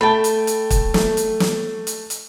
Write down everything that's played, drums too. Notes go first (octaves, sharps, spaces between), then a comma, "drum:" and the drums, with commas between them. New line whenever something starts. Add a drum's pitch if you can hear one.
A3 G5 A5 B5
drum: hi-hat
drum: hi-hat
drum: kick, hi-hat
A3, drum: snare
drum: hi-hat
drum: snare
drum: hi-hat
drum: hi-hat